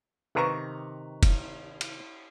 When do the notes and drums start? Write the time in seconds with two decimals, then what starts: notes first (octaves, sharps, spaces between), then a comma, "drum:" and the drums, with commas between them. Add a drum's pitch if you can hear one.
0.35 C3 D#3 B4 A#5 C#6
1.23 drum: kick F1, cymbal
1.81 drum: cymbal